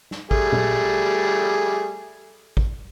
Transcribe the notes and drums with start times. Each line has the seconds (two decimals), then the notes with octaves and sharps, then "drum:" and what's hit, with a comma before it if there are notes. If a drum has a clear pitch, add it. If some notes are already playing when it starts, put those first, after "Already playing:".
0.11 drum: snare
0.31 G3 A3 G#4, drum: kick
0.52 drum: tom A#2
2.57 drum: kick